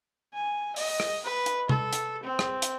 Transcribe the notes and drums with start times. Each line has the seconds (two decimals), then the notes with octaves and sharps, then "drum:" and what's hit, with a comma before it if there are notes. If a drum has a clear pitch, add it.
0.34 G#5
0.76 D#5, drum: open hi-hat
1.00 drum: rim click
1.24 B4
1.46 drum: hi-hat
1.69 A4, drum: tom C3
1.93 drum: hi-hat
2.23 C4
2.39 drum: rim click
2.62 drum: hi-hat